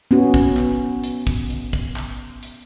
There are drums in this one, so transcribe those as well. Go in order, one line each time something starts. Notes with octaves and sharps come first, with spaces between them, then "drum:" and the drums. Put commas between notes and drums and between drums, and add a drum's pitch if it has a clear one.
B3 C#4 F#4
drum: kick A1
drum: clap
drum: hi-hat
drum: kick A1
drum: hi-hat
drum: kick A1
drum: clap
drum: hi-hat